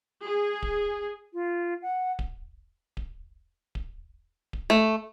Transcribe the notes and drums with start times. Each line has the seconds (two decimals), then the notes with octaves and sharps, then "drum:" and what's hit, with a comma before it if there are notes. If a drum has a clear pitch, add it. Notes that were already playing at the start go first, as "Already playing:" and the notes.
0.23 G#4
0.62 drum: kick D1
1.33 F4
1.82 F#5
2.19 drum: kick D1
2.97 drum: kick D1
3.75 drum: kick D1
4.53 drum: kick D1
4.70 A3